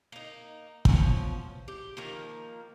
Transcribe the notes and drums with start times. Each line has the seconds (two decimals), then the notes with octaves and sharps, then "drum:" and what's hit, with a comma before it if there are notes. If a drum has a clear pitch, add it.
0.12 A#3 D#4
0.85 B2 F3 C#4 C5, drum: kick
1.68 G4
1.97 D#3 F3 A#3